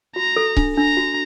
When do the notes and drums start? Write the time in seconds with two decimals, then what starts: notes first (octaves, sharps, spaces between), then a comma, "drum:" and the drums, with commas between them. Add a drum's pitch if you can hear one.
0.16 F#4 A#5
0.36 A4
0.57 D4, drum: kick C#1
0.77 D4 A#5
0.97 F#4